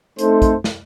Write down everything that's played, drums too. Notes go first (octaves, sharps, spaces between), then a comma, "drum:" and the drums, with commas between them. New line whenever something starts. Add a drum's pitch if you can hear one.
A3 C4 D#4 A4 C5, drum: hi-hat
drum: kick, hi-hat
drum: snare